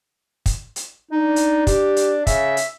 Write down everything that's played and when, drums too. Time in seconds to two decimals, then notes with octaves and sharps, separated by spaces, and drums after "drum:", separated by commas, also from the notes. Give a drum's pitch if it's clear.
0.46 drum: kick, hi-hat
0.76 drum: hi-hat
1.12 D4 D#4
1.36 drum: hi-hat
1.67 G4, drum: kick, hi-hat
1.96 drum: hi-hat
2.27 C#3 E5, drum: kick, hi-hat
2.57 drum: hi-hat